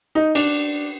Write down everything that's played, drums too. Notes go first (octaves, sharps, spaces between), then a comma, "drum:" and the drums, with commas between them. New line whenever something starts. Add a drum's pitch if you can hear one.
D#4
D4, drum: cymbal